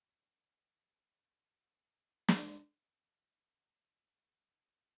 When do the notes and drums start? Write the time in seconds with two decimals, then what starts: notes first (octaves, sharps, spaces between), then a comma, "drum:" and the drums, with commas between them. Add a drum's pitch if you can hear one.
0.60 C#5 B5
2.29 drum: snare
4.10 A#2 D3 E3 F#4